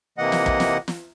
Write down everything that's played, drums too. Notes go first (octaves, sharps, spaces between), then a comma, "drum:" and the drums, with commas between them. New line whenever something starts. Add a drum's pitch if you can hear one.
C3 E3 A#3 D#5 F#5
drum: snare
drum: kick
drum: snare
drum: snare